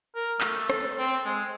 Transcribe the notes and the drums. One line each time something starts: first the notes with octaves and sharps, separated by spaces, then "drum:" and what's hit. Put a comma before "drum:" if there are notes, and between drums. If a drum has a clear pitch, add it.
A#4
A3, drum: clap
A4, drum: rim click
C4
G#3